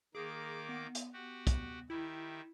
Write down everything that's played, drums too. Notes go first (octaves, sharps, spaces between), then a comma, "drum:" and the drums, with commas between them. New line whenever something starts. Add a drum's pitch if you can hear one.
D#3 A#3 G#4 D6
B3
drum: hi-hat
F#4 G4
drum: kick, hi-hat
D#3 E4 G4 E5